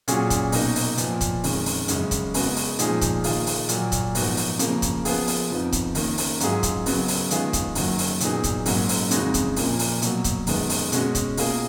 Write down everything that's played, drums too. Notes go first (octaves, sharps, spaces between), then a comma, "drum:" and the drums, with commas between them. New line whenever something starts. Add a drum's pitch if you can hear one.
A#2 F#3 C#4 F4 G#4, drum: hi-hat
drum: kick C#1, hi-hat
B2 A#3 D#4 F#4, drum: open hi-hat
drum: open hi-hat
A#2 F3 B3, drum: hi-hat
drum: kick C#1, hi-hat
F2 D#3 G#3 C#4, drum: open hi-hat
drum: open hi-hat
F#2 C#3 G#3 C#4, drum: hi-hat
drum: kick C#1, hi-hat
C#3 G#3 B3 F#4, drum: open hi-hat
drum: open hi-hat
A#2 F3 G#3 D#4 G#4, drum: hi-hat
drum: kick C#1, hi-hat
D#3 A#3 F4 G#4, drum: open hi-hat
drum: open hi-hat
A#2 F#3 A#3, drum: hi-hat
drum: kick C#1, hi-hat
G#2 F3 B3 D#4 F#4, drum: open hi-hat
drum: open hi-hat
C#3 F3 A#3, drum: hi-hat
drum: kick C#1, hi-hat
F3 B3 F4 G#4, drum: open hi-hat
drum: open hi-hat
F2 F3 B3 D#4
drum: kick C#1, hi-hat
D#3 A#3 C#4, drum: open hi-hat
drum: open hi-hat
G#2 F#3 C#4 F4 G#4, drum: hi-hat
drum: kick C#1, hi-hat
C#3 F#3 B3, drum: open hi-hat
drum: open hi-hat
D#3 G#3 B3 F4 G#4, drum: hi-hat
drum: kick C#1, hi-hat
F#2 D#3 F#3 A#3, drum: open hi-hat
drum: open hi-hat
A#2 F#3 B3 D#4 G#4, drum: hi-hat
drum: kick C#1, hi-hat
G#2 F#3 A#3 C#4, drum: open hi-hat
drum: open hi-hat
F2 C#3 G#3 D#4 F#4, drum: hi-hat
drum: kick C#1, hi-hat
A#2 F3 A#3, drum: open hi-hat
drum: open hi-hat
B2 F#3 A#3, drum: hi-hat
drum: kick C#1, hi-hat
F#2 D#3 G#3 B3, drum: open hi-hat
drum: open hi-hat
B2 G#3 C#4 F#4, drum: hi-hat
drum: kick C#1, hi-hat
B2 A#3 F4 G#4, drum: open hi-hat